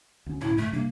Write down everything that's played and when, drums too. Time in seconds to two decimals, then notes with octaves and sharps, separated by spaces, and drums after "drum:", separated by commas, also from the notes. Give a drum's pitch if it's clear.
0.26 D2 C#4
0.41 E4, drum: tom A2
0.58 G#2 C#3 A3
0.73 C3 G3 A#3 D4